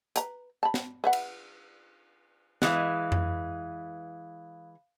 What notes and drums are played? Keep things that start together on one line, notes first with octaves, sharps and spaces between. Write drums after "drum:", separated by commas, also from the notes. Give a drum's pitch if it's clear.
B4 A#5, drum: hi-hat
A5 B5
drum: snare
B4 E5 F#5
drum: cymbal
E3 G#3 F5 D#6 F#6, drum: snare
drum: tom F2